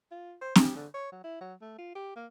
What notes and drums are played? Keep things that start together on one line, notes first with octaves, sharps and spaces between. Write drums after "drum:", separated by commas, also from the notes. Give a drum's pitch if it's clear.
F4
C5
G4, drum: snare C4
D3
C#5
F#3
E4
F#3
A3
F4
G4
A#3